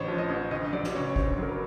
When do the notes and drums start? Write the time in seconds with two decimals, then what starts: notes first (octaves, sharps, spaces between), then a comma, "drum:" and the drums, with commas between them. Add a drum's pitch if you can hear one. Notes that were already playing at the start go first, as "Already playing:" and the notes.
Already playing: A1 D3 C5 C#5
0.08 F3
0.18 D#5
0.29 A1
0.51 D2 D#5
0.73 F#3 D5
0.84 drum: snare
0.95 C#3 C#5
1.09 C#5
1.16 D2 C5, drum: kick
1.38 F#3 A#4
1.49 B4